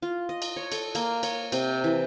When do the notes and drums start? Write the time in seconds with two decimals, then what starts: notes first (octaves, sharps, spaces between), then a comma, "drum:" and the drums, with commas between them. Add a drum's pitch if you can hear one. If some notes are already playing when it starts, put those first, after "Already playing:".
0.02 F4
0.29 D#5
0.42 drum: cymbal
0.56 C#5
0.72 A4, drum: cymbal
0.95 A#3, drum: cymbal
1.23 C#5, drum: cymbal
1.52 C3, drum: cymbal
1.84 E3